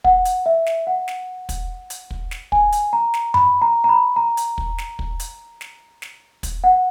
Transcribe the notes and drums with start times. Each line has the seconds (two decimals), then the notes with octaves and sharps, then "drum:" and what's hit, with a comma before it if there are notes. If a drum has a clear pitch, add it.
0.04 F#5, drum: kick
0.25 drum: hi-hat
0.46 E5
0.66 drum: snare
0.87 F#5
1.08 drum: snare
1.49 drum: kick, hi-hat
1.90 drum: hi-hat
2.11 drum: kick
2.31 drum: snare
2.52 G#5, drum: kick
2.72 drum: hi-hat
2.93 A#5
3.14 drum: snare
3.34 B5, drum: tom F#2
3.62 A#5
3.84 A#5
3.89 B5
4.16 A#5
4.37 drum: hi-hat
4.58 drum: kick
4.78 drum: snare
4.99 drum: kick
5.20 drum: hi-hat
5.61 drum: snare
6.02 drum: snare
6.43 drum: kick, hi-hat
6.64 F#5